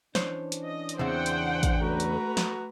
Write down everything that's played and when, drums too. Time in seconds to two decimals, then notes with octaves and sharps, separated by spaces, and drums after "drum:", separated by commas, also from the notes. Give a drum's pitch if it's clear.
0.15 E3 C#4 D4 C5 C#5, drum: snare
0.52 drum: hi-hat
0.64 D#5
0.89 drum: hi-hat
0.99 E2 C#3 C4 C5 F#5 G5
1.26 drum: hi-hat
1.63 drum: kick A1, hi-hat
1.81 A3 F#4 B4 A#5
2.00 drum: hi-hat
2.37 drum: snare